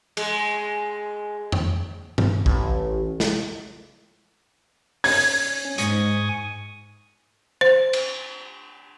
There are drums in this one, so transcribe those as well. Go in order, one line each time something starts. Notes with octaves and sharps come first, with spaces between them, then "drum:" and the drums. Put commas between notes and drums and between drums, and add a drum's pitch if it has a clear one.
G#3, drum: cymbal
drum: tom F2
drum: tom G2
A1, drum: kick B1
drum: snare
C#4 G#6, drum: open hi-hat
G#2 G#5 C#6 D#6, drum: hi-hat
C5
drum: cymbal